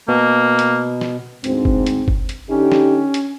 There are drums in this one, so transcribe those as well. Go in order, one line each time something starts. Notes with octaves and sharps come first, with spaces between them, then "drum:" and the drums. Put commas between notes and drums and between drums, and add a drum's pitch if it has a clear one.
B2 A#3
drum: hi-hat
drum: snare
D2 G#2 C4, drum: hi-hat
drum: kick
drum: hi-hat
drum: kick
drum: hi-hat
D3 C#4 D#4 G4
drum: snare
drum: hi-hat